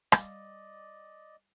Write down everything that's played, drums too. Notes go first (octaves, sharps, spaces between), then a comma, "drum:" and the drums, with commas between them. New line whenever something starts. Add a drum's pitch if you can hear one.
G3 D5 D#5, drum: rim click